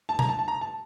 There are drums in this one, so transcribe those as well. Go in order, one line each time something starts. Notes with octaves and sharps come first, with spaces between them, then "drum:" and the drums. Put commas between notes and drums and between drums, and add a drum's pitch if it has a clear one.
A5
A#5, drum: tom B2
A5
A5
A#5
A5